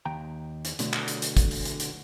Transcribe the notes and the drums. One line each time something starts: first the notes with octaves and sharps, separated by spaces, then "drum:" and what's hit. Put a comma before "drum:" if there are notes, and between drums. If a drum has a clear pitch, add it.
D#2 G5 A#5
drum: hi-hat
B2 D3 F#3 A3, drum: hi-hat
drum: clap
drum: hi-hat
drum: hi-hat
drum: kick, hi-hat
drum: open hi-hat
drum: hi-hat
drum: hi-hat